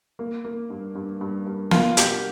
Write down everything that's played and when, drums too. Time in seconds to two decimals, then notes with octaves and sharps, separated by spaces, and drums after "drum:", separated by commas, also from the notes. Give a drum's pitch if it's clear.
0.19 A#3
0.45 A#3
0.70 G2
0.95 G2
1.21 G2
1.46 G2
1.71 A#3 F4, drum: snare
1.97 C2 G4, drum: hi-hat